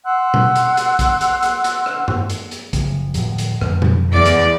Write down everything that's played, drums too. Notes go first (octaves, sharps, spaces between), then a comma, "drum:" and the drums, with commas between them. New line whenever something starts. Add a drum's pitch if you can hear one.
F#5 C6 E6 F#6
drum: tom B2
drum: hi-hat
drum: hi-hat
drum: kick, hi-hat
drum: hi-hat
drum: hi-hat
drum: hi-hat
drum: rim click
drum: tom G2
drum: hi-hat
drum: hi-hat
F#1 F3, drum: kick, hi-hat
D1 F3, drum: hi-hat
drum: hi-hat
F2 D3 A3, drum: rim click
drum: tom B2
E2 D5
drum: hi-hat